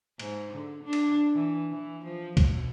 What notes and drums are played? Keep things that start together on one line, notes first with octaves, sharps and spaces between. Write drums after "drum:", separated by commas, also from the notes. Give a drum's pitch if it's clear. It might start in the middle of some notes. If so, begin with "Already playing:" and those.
G#2, drum: cymbal
D3
D4
drum: cymbal
E3
E3
F3
B2, drum: kick C2, cymbal